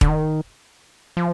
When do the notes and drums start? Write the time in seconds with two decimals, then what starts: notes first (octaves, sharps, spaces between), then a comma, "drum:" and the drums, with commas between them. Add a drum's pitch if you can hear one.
0.01 D3, drum: kick
0.09 D#3
1.17 F3